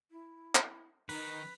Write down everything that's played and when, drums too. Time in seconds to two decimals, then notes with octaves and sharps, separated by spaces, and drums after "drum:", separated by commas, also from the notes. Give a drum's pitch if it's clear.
0.11 E4
0.55 drum: clap
1.09 D#3 D#4 B4, drum: open hi-hat